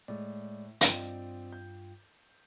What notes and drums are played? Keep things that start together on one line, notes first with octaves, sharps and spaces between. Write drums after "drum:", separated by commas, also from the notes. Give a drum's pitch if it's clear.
A2 G#3 D5
G2 C4 F4 D5 D#5 G5, drum: hi-hat
G6